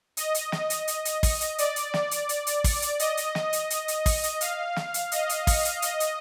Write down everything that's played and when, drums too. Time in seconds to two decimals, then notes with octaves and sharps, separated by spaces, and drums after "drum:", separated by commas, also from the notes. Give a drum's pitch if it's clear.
0.17 D#5, drum: hi-hat
0.35 drum: hi-hat
0.52 drum: snare
0.70 drum: hi-hat
0.88 drum: hi-hat
1.05 drum: hi-hat
1.23 drum: kick, open hi-hat
1.41 drum: hi-hat
1.58 D5, drum: hi-hat
1.76 drum: hi-hat
1.94 drum: snare
2.11 drum: hi-hat
2.29 drum: hi-hat
2.47 drum: hi-hat
2.64 drum: kick, open hi-hat
2.82 drum: hi-hat
2.99 D#5, drum: hi-hat
3.17 drum: hi-hat
3.35 drum: snare
3.53 drum: hi-hat
3.70 drum: hi-hat
3.88 drum: hi-hat
4.06 drum: kick, open hi-hat
4.23 drum: hi-hat
4.41 F5, drum: hi-hat
4.76 drum: snare
4.94 drum: hi-hat
5.12 D#5, drum: hi-hat
5.29 drum: hi-hat
5.47 drum: kick, open hi-hat
5.65 drum: hi-hat
5.82 D#5, drum: hi-hat
6.00 drum: hi-hat